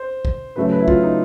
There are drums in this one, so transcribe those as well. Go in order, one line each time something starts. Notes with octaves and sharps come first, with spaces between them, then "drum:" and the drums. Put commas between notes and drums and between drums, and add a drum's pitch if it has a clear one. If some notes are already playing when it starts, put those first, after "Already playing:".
Already playing: C5
drum: kick
C#3 F#3 A3 C#4 B4
B4
E4
F4, drum: kick
D#4